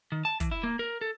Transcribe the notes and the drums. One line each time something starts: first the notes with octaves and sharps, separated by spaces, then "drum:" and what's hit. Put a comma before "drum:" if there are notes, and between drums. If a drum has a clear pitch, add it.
D#3
A5
E3, drum: kick, hi-hat
E4
A#3
A#4
A4